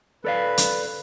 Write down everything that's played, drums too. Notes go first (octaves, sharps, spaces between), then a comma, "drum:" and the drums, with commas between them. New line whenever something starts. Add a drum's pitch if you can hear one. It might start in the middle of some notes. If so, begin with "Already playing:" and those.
A4 B4 D5 F5
drum: hi-hat